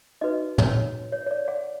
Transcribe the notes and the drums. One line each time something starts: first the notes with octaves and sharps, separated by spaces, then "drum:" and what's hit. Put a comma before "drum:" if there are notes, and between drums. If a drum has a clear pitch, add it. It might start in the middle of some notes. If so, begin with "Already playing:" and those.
D#4 F#4 B4 D#5
C#5, drum: tom
C#5
C#5
D5
F#5